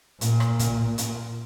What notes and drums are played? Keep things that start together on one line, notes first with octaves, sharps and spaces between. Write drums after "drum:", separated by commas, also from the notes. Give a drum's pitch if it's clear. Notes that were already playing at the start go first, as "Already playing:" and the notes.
A#2, drum: hi-hat
drum: rim click
drum: kick, hi-hat
drum: hi-hat